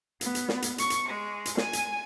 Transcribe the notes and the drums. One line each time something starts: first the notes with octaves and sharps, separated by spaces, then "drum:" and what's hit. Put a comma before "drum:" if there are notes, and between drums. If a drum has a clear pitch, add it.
B3, drum: hi-hat
drum: hi-hat
drum: snare
drum: hi-hat
C#6, drum: hi-hat
drum: hi-hat
G#3
drum: hi-hat
G#5, drum: snare
drum: hi-hat